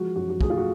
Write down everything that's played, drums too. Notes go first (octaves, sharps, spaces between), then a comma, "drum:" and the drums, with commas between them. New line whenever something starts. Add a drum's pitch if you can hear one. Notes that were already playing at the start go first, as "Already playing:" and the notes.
Already playing: F3 G#3 F#4
F#2 F#4
F#4
A3 G#4, drum: kick
F4
F#4